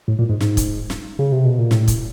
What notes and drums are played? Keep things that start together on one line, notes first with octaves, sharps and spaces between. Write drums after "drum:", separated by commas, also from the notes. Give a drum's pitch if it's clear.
A2
A#2
G#2
G#2, drum: snare
drum: kick, hi-hat
drum: snare
C#3
C3
B2
A#2
A2, drum: snare
drum: kick, hi-hat